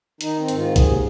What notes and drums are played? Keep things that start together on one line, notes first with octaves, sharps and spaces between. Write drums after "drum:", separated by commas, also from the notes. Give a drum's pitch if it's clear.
D#3 D#4, drum: hi-hat
C4
G#2, drum: hi-hat
F4
D#2 G#4, drum: kick, hi-hat